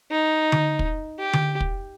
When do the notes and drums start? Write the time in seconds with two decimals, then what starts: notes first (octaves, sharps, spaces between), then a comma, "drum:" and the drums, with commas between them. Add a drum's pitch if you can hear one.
0.11 D#4
0.52 drum: tom D3
0.79 drum: kick
1.19 G4
1.33 drum: tom D3
1.60 drum: kick